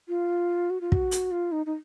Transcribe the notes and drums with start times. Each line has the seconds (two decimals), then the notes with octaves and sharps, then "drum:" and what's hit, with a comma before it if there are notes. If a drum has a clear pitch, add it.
0.08 F4
0.70 F#4
0.81 F4
0.92 F#4, drum: kick
1.11 drum: hi-hat
1.31 F4
1.52 D#4
1.66 D#4